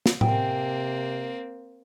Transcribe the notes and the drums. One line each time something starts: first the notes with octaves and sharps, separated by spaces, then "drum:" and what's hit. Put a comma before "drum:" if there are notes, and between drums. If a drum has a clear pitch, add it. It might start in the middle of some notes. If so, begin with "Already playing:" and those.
drum: snare
C3 A#3 C4 G5 G#5, drum: tom A2